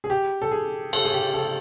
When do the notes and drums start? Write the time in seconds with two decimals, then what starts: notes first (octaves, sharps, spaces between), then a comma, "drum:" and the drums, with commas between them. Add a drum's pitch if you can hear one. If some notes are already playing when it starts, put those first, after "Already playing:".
0.04 G#4
0.10 G4
0.42 A4
0.51 G#4
0.93 A4, drum: cymbal
1.05 G#4
1.14 G4
1.34 A4